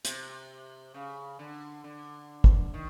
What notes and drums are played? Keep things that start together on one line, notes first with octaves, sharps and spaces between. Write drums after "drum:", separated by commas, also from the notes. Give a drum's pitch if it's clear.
C3, drum: hi-hat
C#3
D3
D3
drum: kick
D#3